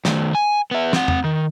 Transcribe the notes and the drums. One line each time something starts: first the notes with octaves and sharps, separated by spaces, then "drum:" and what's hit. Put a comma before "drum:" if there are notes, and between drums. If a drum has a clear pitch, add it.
D#3 A3, drum: snare
G#5
B3 E5
C4 F#5, drum: snare
drum: tom E2
D#3